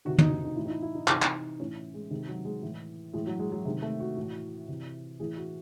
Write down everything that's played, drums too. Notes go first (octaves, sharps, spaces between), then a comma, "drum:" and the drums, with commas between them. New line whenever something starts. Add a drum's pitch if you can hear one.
C3 D#3 F#4
D#4, drum: tom
D#4
D#4
A2 E3 E4
D#4
E4
E4
D#4
C3 E3 D#4, drum: clap
drum: clap
A2 E3 C#4
G#3
C3 D#3 G#3
F#3
G#3
A2 E3
A2 E3 G#3
F#3
G#3
F#3
C3 D#3 G#3
A3
F#4
A2 E3
C3 E3
A2 E3 G#4
F#4